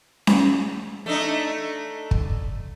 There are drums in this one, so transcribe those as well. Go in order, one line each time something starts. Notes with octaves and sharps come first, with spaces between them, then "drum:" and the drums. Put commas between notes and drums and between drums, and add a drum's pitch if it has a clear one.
drum: snare C#4
A3 D4 D#4
drum: kick